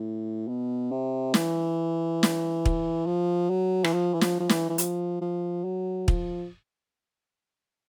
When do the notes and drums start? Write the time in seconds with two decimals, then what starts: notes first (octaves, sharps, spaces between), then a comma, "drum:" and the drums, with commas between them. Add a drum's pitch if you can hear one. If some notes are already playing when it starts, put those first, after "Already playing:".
Already playing: A2
0.48 B2
0.91 C3
1.34 E3, drum: snare
2.23 drum: snare
2.66 drum: kick
3.06 F3
3.50 F#3
3.84 E3, drum: rim click
3.93 F3
4.14 E3
4.21 F3, drum: snare
4.40 F3
4.49 E3, drum: snare
4.69 E3
4.78 F3, drum: hi-hat
5.21 F3
5.64 F#3
6.08 F3, drum: kick